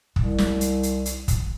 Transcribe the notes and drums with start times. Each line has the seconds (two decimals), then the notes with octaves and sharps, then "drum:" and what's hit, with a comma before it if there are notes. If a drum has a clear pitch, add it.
0.16 C2, drum: kick
0.38 drum: snare
0.61 drum: hi-hat
0.83 drum: hi-hat
1.06 drum: hi-hat
1.28 drum: kick, hi-hat